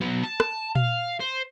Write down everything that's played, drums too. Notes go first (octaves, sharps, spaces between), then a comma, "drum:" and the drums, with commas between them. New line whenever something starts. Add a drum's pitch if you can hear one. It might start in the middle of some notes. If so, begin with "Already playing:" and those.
F#3 B3
A5
drum: rim click
F5, drum: tom A#2
C5